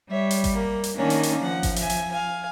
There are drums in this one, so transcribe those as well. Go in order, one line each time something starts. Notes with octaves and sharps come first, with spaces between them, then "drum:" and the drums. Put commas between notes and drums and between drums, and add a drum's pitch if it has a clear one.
G3 C#5 E5
drum: hi-hat
drum: kick G#1, hi-hat
A#3
drum: hi-hat
D#3 A#3 C#4 D4
drum: hi-hat
drum: hi-hat
F3 F#5
drum: kick G#1, hi-hat
E5 G#5, drum: hi-hat
drum: hi-hat
F5 G#5